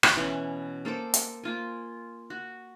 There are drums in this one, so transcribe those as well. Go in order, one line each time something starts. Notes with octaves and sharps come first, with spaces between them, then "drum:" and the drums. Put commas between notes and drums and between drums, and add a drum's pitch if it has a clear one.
drum: rim click
B2 E3 C#4
A#3 A4 C5 D6
drum: hi-hat
A#3 F4 G#5
F#4